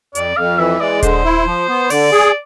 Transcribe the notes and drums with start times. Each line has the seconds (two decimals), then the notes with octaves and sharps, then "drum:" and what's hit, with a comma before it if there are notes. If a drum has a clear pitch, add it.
0.15 F2 D5, drum: hi-hat
0.37 F2 F5
0.59 E3 E5
0.80 G#3 D5
1.03 D3 C5, drum: kick D#1, hi-hat
1.24 E4
1.46 F3
1.68 B3
1.90 D3 D5, drum: open hi-hat
2.12 G#4